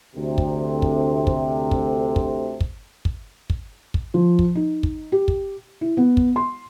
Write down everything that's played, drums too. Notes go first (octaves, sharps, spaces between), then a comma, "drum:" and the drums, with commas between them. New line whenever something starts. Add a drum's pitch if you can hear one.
D2 C3
drum: kick
drum: kick
drum: kick
drum: kick
drum: kick
drum: kick
drum: kick
drum: kick
drum: kick
F3
drum: kick
D#4
drum: kick
G4
drum: kick
E4
B3
drum: kick
C6